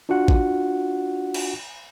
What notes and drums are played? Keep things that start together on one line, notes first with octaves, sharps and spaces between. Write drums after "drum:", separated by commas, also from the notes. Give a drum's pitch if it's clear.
D4 F4 F#4 F#5
drum: kick
drum: cymbal